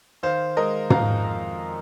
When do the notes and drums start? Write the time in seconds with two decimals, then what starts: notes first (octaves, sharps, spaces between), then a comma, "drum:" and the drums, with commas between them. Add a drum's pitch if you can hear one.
0.23 D#3 C5 F5
0.57 G#3 A#4 D#5
0.90 F2 F5 A#5, drum: tom
1.24 F2